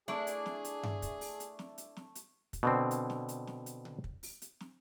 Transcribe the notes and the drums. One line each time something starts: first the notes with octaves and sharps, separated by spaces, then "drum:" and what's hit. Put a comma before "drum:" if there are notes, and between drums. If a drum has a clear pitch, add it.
A3 D4 E4 G#4 D5, drum: snare
drum: hi-hat
drum: snare
drum: hi-hat
drum: tom G2
drum: kick, hi-hat
drum: open hi-hat
drum: hi-hat
drum: snare
drum: hi-hat
drum: snare
drum: hi-hat
drum: kick, hi-hat
B2 D3 C4
drum: hi-hat
drum: snare
drum: hi-hat
drum: snare
drum: hi-hat
drum: tom C#3
drum: kick
drum: open hi-hat
drum: hi-hat
drum: snare